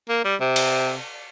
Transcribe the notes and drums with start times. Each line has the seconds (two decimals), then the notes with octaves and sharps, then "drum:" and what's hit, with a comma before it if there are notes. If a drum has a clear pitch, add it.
0.09 A#3
0.24 G3
0.40 C3
0.56 drum: cymbal